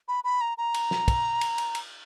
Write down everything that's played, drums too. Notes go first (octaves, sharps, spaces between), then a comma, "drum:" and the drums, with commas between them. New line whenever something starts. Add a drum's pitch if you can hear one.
B5
B5
A#5
A#5
drum: cymbal
drum: snare
drum: kick, cymbal
drum: cymbal
drum: cymbal
drum: cymbal